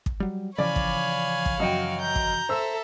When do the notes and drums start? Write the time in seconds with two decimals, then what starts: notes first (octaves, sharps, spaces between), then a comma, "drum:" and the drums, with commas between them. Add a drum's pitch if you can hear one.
0.06 drum: kick
0.20 F#3 G3
0.58 C#3 E3 F3 C#5 D5 F5 G#5 B5
0.76 drum: kick
1.46 drum: kick
1.60 F#2 F#4 D#5 G5
2.02 A#5 G6
2.15 drum: kick
2.49 A4 C5 E5 E6